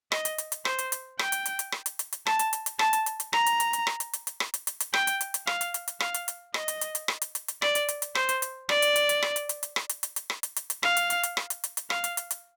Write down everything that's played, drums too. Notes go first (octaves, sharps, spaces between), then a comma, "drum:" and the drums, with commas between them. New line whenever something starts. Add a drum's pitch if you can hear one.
D#5, drum: rim click
drum: hi-hat
drum: hi-hat
drum: hi-hat
C5, drum: rim click
drum: hi-hat
drum: hi-hat
G5, drum: rim click
drum: hi-hat
drum: hi-hat
drum: hi-hat
drum: rim click
drum: hi-hat
drum: hi-hat
drum: hi-hat
A5, drum: rim click
drum: hi-hat
drum: hi-hat
drum: hi-hat
A5, drum: rim click
drum: hi-hat
drum: hi-hat
drum: hi-hat
A#5, drum: rim click
drum: hi-hat
drum: hi-hat
drum: hi-hat
drum: rim click
drum: hi-hat
drum: hi-hat
drum: hi-hat
drum: rim click
drum: hi-hat
drum: hi-hat
drum: hi-hat
G5, drum: rim click
drum: hi-hat
drum: hi-hat
drum: hi-hat
F5, drum: rim click
drum: hi-hat
drum: hi-hat
drum: hi-hat
F5, drum: rim click
drum: hi-hat
drum: hi-hat
D#5, drum: rim click
drum: hi-hat
drum: hi-hat
drum: hi-hat
drum: rim click
drum: hi-hat
drum: hi-hat
drum: hi-hat
D5, drum: rim click
drum: hi-hat
drum: hi-hat
drum: hi-hat
C5, drum: rim click
drum: hi-hat
drum: hi-hat
D5, drum: rim click
drum: hi-hat
drum: hi-hat
drum: hi-hat
drum: rim click
drum: hi-hat
drum: hi-hat
drum: hi-hat
drum: rim click
drum: hi-hat
drum: hi-hat
drum: hi-hat
drum: rim click
drum: hi-hat
drum: hi-hat
drum: hi-hat
F5, drum: rim click
drum: hi-hat
drum: hi-hat
drum: hi-hat
drum: rim click
drum: hi-hat
drum: hi-hat
drum: hi-hat
F5, drum: rim click
drum: hi-hat
drum: hi-hat
drum: hi-hat